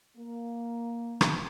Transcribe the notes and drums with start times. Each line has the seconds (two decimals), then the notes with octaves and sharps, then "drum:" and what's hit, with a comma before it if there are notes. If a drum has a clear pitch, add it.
0.16 A#3
1.21 drum: rim click